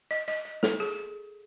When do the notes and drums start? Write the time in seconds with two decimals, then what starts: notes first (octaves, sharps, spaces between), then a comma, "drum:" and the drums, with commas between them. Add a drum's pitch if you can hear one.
0.11 D#5
0.28 D#5
0.45 D#5
0.63 A4, drum: snare
0.80 G#4